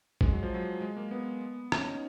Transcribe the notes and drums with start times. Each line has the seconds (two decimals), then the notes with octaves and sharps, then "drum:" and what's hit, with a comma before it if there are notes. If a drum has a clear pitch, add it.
0.21 G#3, drum: kick
0.32 F#3
0.43 F3
0.54 F#3
0.81 G#3
0.97 A#3
1.11 B3
1.72 C#4, drum: rim click
1.88 D#4